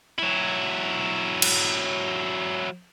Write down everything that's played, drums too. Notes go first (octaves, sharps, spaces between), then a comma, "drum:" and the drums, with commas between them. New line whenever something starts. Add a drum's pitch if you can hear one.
F#3 E4
drum: cymbal